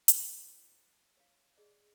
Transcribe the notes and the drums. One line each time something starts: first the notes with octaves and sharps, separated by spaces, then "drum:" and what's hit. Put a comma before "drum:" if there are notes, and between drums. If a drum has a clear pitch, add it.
E4 C5 G5, drum: hi-hat
C6
C#5 F5
G#4 D5 D#5